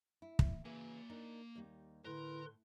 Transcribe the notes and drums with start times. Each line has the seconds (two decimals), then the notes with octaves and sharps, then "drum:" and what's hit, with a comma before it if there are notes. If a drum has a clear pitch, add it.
0.22 E4
0.39 drum: kick
0.65 C#3 E3 A#3 G#5
1.10 D4 D#4 A#4
1.55 D#2 G3 D#4
2.05 A2 D3 E4 A#4 B4 C6